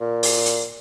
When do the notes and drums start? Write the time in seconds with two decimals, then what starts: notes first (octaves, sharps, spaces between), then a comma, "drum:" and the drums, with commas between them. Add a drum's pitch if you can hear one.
0.01 A#2
0.23 drum: open hi-hat
0.46 drum: hi-hat